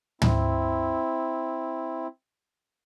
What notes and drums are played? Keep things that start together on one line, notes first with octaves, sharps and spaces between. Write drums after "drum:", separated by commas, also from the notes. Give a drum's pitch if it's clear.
C4 E4, drum: tom